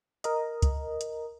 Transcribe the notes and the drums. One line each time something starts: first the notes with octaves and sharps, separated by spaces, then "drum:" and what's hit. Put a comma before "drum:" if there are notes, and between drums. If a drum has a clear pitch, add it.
A#4 D#5, drum: hi-hat
drum: kick C#2, hi-hat
drum: hi-hat